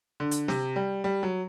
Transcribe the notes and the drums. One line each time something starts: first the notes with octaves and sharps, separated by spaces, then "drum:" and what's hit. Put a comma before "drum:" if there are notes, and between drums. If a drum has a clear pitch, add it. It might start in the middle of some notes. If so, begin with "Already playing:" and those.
D3
drum: hi-hat
C3, drum: snare
G3
G3
F#3